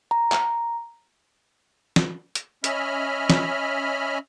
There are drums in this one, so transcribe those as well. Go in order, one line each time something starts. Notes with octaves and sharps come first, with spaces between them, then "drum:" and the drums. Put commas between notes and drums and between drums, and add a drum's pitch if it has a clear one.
A#5
drum: clap
drum: snare
drum: hi-hat
C#4 D#5 E5 B5 F6, drum: hi-hat
drum: snare